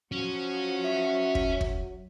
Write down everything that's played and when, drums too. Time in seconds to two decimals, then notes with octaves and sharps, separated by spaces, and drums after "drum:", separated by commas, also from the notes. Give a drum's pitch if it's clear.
0.12 F3 F#3 C#4 F#4
0.84 E5
1.35 drum: kick
1.61 drum: kick